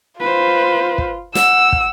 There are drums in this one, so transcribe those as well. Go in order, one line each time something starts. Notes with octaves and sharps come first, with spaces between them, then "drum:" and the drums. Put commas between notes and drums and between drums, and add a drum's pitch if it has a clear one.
F4 B4 C5
drum: kick
F#5 E6, drum: snare
drum: kick